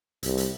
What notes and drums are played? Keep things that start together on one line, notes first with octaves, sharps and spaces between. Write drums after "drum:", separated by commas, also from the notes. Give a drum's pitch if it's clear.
C2, drum: hi-hat
drum: hi-hat